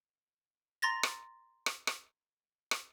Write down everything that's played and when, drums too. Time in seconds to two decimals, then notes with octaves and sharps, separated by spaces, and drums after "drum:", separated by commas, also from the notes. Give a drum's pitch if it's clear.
0.82 A#5 C6 A6 A#6
1.03 drum: rim click
1.66 drum: rim click
1.87 drum: rim click
2.71 drum: rim click